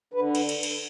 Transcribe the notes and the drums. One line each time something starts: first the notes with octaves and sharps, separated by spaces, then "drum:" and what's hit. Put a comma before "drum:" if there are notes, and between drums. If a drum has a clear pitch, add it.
D3 B4
drum: cymbal
drum: cymbal
drum: cymbal